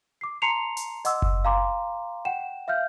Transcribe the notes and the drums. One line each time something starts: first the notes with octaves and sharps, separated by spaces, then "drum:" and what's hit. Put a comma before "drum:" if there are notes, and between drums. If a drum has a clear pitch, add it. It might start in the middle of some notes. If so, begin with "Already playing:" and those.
D6 C7
A5 A#5 C6 C7 C#7 F7
drum: hi-hat
D#5 F#5 C6 D6 E6, drum: hi-hat
drum: kick F#1
F5 G#5 A#5 C6 D6
F#5 G5 E7
E5 F5 F6 G6